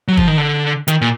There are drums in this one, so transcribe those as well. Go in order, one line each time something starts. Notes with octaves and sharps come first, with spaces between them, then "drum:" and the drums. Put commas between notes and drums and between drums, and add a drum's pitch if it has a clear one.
F#3
F3, drum: kick
D#3
D3
D#3, drum: hi-hat
A#2